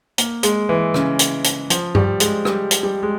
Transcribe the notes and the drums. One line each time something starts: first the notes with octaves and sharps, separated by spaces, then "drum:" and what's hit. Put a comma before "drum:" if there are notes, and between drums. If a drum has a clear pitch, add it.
A#3, drum: hi-hat
G#3, drum: hi-hat
E3
C#3, drum: rim click
drum: hi-hat
drum: hi-hat
F3, drum: hi-hat
G3, drum: tom G2
G#3, drum: hi-hat
G3, drum: rim click
drum: hi-hat
G3
G#3